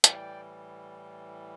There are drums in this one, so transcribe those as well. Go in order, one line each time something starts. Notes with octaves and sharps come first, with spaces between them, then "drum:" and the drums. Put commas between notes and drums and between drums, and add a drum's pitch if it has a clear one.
A2 E3 G3 D5 G5, drum: hi-hat